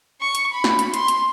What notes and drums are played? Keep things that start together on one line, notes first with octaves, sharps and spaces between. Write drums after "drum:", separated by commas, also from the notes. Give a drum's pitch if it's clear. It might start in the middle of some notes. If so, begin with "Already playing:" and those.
C#6
drum: hi-hat
B5
drum: snare
drum: hi-hat
C6, drum: hi-hat
drum: hi-hat